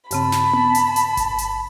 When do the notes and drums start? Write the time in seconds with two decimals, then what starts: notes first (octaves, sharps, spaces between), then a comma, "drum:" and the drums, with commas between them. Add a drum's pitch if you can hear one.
0.11 G2 C#3 C4 A5 B5, drum: hi-hat
0.32 drum: snare
0.53 drum: tom B3
0.75 drum: hi-hat
0.96 drum: hi-hat
1.17 drum: kick G#1, hi-hat
1.38 drum: hi-hat